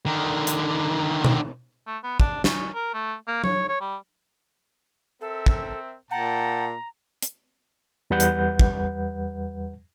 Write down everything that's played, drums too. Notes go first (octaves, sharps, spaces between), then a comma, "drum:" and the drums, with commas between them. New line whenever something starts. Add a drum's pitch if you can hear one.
D3 D#3
drum: hi-hat
drum: tom B2
A3
B3
D4, drum: kick
C#4, drum: snare
A#4
A3
A#3
C#5, drum: tom F#3
C#5
G3
C4 A4 A#4 E5
drum: kick
A#2 F#5 G5 A5 A#5
drum: hi-hat
E2 G3 B4 F#5 G6
drum: hi-hat
drum: kick